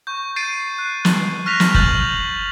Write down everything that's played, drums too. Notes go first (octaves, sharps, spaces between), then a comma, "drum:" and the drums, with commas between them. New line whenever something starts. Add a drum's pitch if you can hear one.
C#6 G6
G6 A6 C7 D7 D#7
F#6
drum: snare
C#6 F6 F#6 A#6 B6 F7
drum: snare
F6 G6 A6 F7 F#7, drum: kick F#1